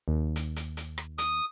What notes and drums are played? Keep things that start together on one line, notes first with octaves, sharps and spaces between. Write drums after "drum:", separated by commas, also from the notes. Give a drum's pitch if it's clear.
D#2
drum: hi-hat
drum: hi-hat
drum: hi-hat
drum: rim click
D#6, drum: hi-hat